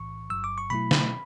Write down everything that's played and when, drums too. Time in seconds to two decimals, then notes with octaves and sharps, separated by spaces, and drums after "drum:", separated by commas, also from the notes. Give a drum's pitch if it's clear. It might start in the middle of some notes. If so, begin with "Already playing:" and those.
Already playing: B1 A2 E3 C#6
0.30 G1 G2 F#3 E6
0.44 D6
0.58 C#6
0.70 B2 F#3 A3 E4 B5
0.91 drum: snare